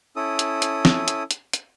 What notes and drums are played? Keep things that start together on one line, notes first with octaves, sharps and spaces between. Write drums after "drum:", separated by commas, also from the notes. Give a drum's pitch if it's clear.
C#4 E4 A4 D#6
drum: hi-hat
drum: hi-hat
drum: snare
drum: hi-hat
drum: hi-hat
drum: hi-hat